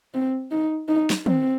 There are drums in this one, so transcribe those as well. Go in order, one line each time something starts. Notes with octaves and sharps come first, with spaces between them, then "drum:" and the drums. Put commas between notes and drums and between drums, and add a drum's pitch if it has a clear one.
C4
D#4
D#4
drum: snare
C4, drum: tom